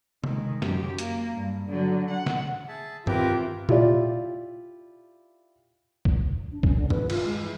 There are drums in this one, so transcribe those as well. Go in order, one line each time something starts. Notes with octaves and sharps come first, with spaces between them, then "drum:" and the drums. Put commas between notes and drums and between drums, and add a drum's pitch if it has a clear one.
D#3 G#3, drum: tom C3
F#2 G4, drum: snare
A#3, drum: hi-hat
G2
D3 F#3
F#5
drum: snare
G#4 E5 A5
E3 C4 E4 F4 G4 A#4 B4 D6, drum: tom G2
E4 F4 G4 D5, drum: tom A#2
drum: kick
D4
C#4, drum: kick
D3
B4, drum: tom G2
F4, drum: cymbal
G#3
E3